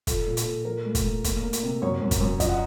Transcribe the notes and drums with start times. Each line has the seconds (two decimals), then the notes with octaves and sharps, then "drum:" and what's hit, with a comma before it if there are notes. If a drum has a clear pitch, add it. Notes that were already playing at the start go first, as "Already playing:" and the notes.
0.07 F3 A4, drum: kick, hi-hat
0.26 A#2
0.37 A4, drum: hi-hat
0.46 A#2
0.65 F3 A#4
0.85 A3
0.95 drum: kick, hi-hat
1.04 A3
1.24 A#3, drum: kick, hi-hat
1.43 A#3
1.53 drum: hi-hat
1.63 C3
1.82 F#2 C#5
2.02 F#2
2.11 drum: kick, hi-hat
2.21 F#2
2.40 F3 D#5, drum: kick, hi-hat
2.49 F#5